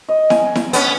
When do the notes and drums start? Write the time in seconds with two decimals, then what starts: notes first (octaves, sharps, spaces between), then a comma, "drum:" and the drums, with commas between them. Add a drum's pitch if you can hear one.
0.09 D#5
0.30 G#5, drum: snare E4
0.55 drum: snare E4
0.73 B3 C#4, drum: hi-hat